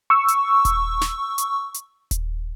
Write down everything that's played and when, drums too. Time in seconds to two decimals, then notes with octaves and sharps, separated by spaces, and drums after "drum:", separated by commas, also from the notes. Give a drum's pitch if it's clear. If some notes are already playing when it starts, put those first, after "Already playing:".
0.10 C#6 E6
0.28 drum: hi-hat
0.65 drum: kick D#1, hi-hat
1.01 drum: snare
1.38 drum: hi-hat
1.74 drum: hi-hat
2.11 drum: kick D#1, hi-hat